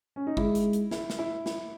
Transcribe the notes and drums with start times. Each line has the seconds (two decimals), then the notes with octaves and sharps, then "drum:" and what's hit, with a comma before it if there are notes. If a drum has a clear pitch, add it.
0.16 C#4
0.27 D#4
0.37 G#3 E4, drum: kick G#1
0.55 drum: hi-hat
0.73 drum: hi-hat
0.91 E4, drum: snare
1.10 drum: snare
1.19 E4
1.46 E4, drum: snare